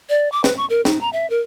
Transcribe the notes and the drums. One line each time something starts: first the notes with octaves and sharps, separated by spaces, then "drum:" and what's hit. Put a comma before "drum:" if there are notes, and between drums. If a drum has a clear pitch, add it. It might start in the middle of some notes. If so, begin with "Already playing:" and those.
D5
D6
B4, drum: snare
C#6
A#4
D#4, drum: snare
A#5
E5
A#4